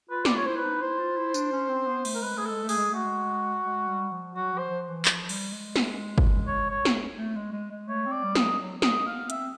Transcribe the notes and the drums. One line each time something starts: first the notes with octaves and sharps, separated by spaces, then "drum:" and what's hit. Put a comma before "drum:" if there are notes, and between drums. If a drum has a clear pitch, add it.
F4 B4
F4 D5, drum: snare
C#5
E4 C5
B4
D#4
E4 C5
F4
E4
D4, drum: tambourine
C#4
C4
B3
A3, drum: cymbal
A#4
G#3 B4
A3 G#4
G#3 A4
A3
G#4, drum: open hi-hat
G#3
A3 F#4
G#3
G#3
G3
F3
F#3 F#4
F3
C5
F3
E3
F3, drum: clap
G3, drum: cymbal
G#3
drum: snare
drum: kick
C#5
C#5
drum: snare
A3
G#3
G#3
G#3
A3 C#5
C4
D5
G3
D#5, drum: snare
F#3
F#3
F#3
D#5, drum: snare
A#3
B3 F5
C4 E5, drum: hi-hat